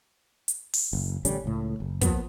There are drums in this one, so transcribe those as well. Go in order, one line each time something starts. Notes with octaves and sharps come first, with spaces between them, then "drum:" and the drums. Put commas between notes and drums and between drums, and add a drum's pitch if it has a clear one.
drum: hi-hat
drum: open hi-hat
F#1
A1 D3 G3 C#4, drum: hi-hat
C#2 A2
F#1
F3 F#3 A#3 B3, drum: kick, hi-hat